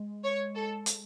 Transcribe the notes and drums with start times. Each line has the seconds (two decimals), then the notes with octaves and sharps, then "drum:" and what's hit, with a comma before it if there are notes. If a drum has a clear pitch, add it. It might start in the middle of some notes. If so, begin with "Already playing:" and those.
Already playing: G#3
0.24 C#5
0.55 A4
0.86 drum: hi-hat